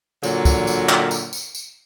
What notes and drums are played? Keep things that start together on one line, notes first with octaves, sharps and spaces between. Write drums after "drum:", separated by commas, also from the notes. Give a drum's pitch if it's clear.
A#2 D3 F#3, drum: tambourine
drum: kick, tambourine
drum: tambourine
drum: clap
drum: tambourine
drum: tambourine
drum: tambourine